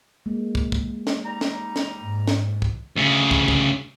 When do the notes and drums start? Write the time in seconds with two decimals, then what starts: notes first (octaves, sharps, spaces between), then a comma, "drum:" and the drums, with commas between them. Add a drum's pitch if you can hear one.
0.26 G#3 A#3
0.55 drum: kick
0.72 drum: kick
1.07 drum: snare
1.24 G3 D#4 A#5
1.41 drum: snare
1.76 drum: snare
2.02 G#2
2.28 drum: snare
2.62 drum: kick
2.96 D2 C#3
3.31 drum: kick
3.48 drum: kick